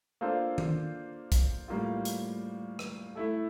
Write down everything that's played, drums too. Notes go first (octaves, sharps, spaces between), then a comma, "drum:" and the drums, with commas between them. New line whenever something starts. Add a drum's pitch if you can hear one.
A#3 D4 F4 A4 C5
drum: tom D#3
drum: kick, hi-hat
A2 G3 A#3 F4
drum: hi-hat
drum: rim click
A3 E4 A4